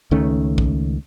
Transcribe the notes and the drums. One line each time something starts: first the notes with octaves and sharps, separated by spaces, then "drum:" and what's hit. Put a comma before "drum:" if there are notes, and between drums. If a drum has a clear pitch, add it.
C#2 D#3 A3 C#4
drum: kick A#1